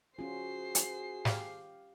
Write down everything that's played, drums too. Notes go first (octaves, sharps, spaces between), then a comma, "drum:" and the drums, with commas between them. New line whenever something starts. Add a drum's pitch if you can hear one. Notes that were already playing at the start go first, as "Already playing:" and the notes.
C#4 F4 F#4 G#4 C5 C7
drum: hi-hat
G4 F5, drum: snare